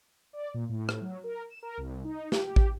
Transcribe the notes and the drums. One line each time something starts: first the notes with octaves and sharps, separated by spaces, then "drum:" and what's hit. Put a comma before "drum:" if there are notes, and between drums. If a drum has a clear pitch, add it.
D5
A#2
A2
drum: rim click
F#3
A#4
E7
A#4
C2
D#4
G4, drum: snare
G4
drum: kick